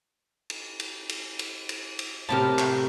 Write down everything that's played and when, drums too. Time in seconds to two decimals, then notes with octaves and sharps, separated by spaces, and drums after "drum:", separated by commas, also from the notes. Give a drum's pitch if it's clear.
0.50 drum: cymbal
0.80 drum: cymbal
1.09 drum: cymbal
1.39 drum: cymbal
1.69 drum: cymbal
1.99 drum: cymbal
2.29 A2 C3 G4 A#4 A5
2.58 drum: clap